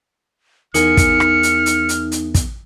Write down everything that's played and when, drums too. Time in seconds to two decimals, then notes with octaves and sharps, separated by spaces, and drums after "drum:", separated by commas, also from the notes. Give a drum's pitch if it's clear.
0.74 E2 D#4 A#4 G#5 F6 C#7, drum: hi-hat
0.97 drum: kick, hi-hat
1.20 drum: rim click
1.43 drum: hi-hat
1.66 drum: hi-hat
1.89 drum: hi-hat
2.12 drum: hi-hat
2.34 drum: kick, hi-hat